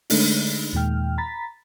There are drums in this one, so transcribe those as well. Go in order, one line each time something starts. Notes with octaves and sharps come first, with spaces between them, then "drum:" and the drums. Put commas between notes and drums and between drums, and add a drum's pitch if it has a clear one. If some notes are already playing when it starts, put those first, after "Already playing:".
D3 G#3 A3 D4 D#4, drum: open hi-hat
D#2 A#2 D#3 G#3 G5 F6
A#5 B5 A6 B6